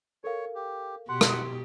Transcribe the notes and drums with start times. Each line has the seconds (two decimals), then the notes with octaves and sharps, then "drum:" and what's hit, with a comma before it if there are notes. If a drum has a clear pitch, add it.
0.24 A4 A#4 C#5 F5
0.55 G4
1.09 B2 G4 F#5 C6
1.21 drum: rim click